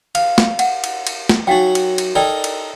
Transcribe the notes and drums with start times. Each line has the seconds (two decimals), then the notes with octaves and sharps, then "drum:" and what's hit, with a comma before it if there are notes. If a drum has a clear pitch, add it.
0.15 F5, drum: cymbal
0.38 drum: snare
0.59 F#5, drum: cymbal
0.84 drum: cymbal
1.07 drum: cymbal
1.29 drum: snare
1.47 F#3 D#4 F#4 F5 G5
1.75 drum: cymbal
1.98 drum: cymbal
2.15 D#4 A4 A#4 D5 G5
2.44 drum: cymbal